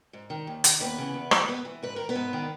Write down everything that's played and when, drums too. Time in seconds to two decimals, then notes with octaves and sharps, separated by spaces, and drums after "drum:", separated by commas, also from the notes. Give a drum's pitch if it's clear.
0.13 G#2
0.30 D#3
0.47 D#2
0.64 D#3, drum: hi-hat
0.80 D#2 B3 B4
0.98 C#3 E3
1.14 E2
1.31 D#3, drum: rim click
1.48 G#2 B3 B4
1.65 E3
1.83 G#2 B4
1.96 D#3 A#4
2.09 B3 B4
2.15 G#2
2.33 D#3